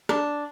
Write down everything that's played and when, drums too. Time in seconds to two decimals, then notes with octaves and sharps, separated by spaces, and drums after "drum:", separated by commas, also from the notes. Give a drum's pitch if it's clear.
0.09 D4, drum: rim click